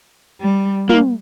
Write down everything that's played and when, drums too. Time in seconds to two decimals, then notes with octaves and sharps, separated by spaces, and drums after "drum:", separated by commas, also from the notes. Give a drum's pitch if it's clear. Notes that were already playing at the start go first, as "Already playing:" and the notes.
0.40 G3
0.89 A#3, drum: tom